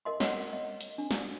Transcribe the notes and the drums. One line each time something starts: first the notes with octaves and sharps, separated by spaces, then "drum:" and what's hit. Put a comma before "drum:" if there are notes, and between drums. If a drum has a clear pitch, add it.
A#4 D#5 C6
C#5 D#5 F#5, drum: snare
D#5
drum: hi-hat
D4
drum: snare